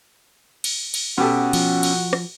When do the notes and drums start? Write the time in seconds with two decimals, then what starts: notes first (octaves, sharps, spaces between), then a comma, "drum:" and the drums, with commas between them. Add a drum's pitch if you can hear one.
0.64 drum: cymbal
0.94 drum: cymbal
1.18 B2 C#4 F#4 G4 A4
1.53 F3, drum: cymbal
1.83 drum: cymbal
2.13 drum: rim click